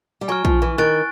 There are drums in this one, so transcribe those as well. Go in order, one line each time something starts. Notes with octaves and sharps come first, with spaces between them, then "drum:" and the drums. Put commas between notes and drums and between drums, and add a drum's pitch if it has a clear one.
G3
F#3 G#5 C#6 F6
F3, drum: kick A#1
E3
D#3 C#6 F#6 A6 D7